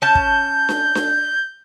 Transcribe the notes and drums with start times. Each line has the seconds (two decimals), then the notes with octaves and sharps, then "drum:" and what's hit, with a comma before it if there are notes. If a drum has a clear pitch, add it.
0.02 C#4 A5 G6
0.15 drum: kick
0.69 drum: snare D4
0.95 drum: snare D4